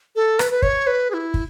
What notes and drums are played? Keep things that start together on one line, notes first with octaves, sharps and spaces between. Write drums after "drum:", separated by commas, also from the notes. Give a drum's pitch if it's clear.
A4
B4, drum: rim click
B4
C#5, drum: kick
B4
G#4
E4
drum: kick